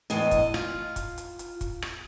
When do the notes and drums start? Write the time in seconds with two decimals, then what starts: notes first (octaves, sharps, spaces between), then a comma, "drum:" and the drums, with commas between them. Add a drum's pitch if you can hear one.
0.10 E2 A2 D4 D#5, drum: hi-hat
0.31 drum: kick, hi-hat
0.54 F4, drum: rim click
0.96 drum: kick, hi-hat
1.18 drum: hi-hat
1.39 drum: hi-hat
1.61 drum: kick, hi-hat
1.82 drum: rim click